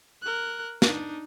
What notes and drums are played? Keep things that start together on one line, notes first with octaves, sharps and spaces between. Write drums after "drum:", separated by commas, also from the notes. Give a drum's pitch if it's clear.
A#4 F#6
D4 D#4, drum: snare